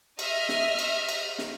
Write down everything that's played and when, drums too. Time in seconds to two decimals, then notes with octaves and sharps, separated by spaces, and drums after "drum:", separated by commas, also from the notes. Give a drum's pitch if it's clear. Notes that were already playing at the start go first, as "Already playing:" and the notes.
0.19 D#5 E5 F6, drum: cymbal
0.49 drum: snare
0.79 drum: cymbal
1.09 drum: cymbal
1.39 drum: snare